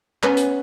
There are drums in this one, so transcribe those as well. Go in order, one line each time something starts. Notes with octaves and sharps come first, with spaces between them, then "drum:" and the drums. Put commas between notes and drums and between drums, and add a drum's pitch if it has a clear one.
B3 C#4 B4, drum: clap
drum: hi-hat